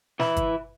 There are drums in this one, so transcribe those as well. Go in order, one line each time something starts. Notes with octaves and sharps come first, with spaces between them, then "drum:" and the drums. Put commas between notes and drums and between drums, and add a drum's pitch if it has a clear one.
E3 E4, drum: snare
drum: kick, hi-hat